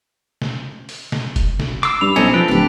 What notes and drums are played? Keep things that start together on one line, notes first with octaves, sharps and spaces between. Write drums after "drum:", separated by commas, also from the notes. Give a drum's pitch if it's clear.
drum: snare
drum: open hi-hat
drum: snare
drum: kick F1, hi-hat
drum: snare
D6 E6 C7, drum: hi-hat
G2 B5 F7
B1 C4 C#4 D#4 A4
F3 A4 B4 D7
D1 D4 G4